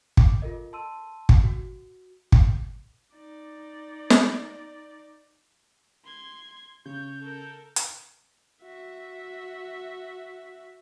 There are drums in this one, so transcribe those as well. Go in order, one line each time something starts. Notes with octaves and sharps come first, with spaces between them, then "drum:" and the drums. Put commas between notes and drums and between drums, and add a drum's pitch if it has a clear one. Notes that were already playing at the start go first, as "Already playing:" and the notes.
D6, drum: kick
F4 A4 A#4 D#5
A5 C6 E6 D#7
drum: kick
F#4
drum: kick
D#4 D5
drum: snare
C6 G#6
C#3 C#5 G6
A4 A#4
drum: hi-hat
F#4 E5